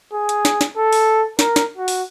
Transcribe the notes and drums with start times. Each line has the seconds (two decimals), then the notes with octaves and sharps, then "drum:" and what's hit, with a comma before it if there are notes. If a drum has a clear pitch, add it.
0.13 G#4
0.29 drum: hi-hat
0.45 drum: snare
0.61 drum: snare
0.77 A4
0.93 drum: open hi-hat
1.39 A#4, drum: snare
1.56 drum: snare
1.77 F#4
1.88 drum: open hi-hat